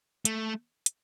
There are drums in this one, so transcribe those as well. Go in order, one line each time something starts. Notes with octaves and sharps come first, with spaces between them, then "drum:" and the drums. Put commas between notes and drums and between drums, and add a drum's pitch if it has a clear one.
A3, drum: hi-hat
drum: hi-hat